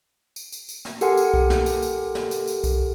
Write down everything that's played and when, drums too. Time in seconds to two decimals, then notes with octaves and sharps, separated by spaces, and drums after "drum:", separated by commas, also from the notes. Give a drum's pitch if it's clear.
0.36 drum: tambourine
0.52 drum: tambourine
0.69 drum: tambourine
0.85 drum: snare
1.01 G4 A4 A#4 F#5 G#5 C6, drum: tambourine
1.17 drum: tambourine
1.34 drum: kick B1
1.50 drum: snare
1.66 drum: tambourine
1.82 drum: tambourine
2.15 drum: snare
2.31 drum: tambourine
2.47 drum: tambourine
2.64 drum: kick B1, tambourine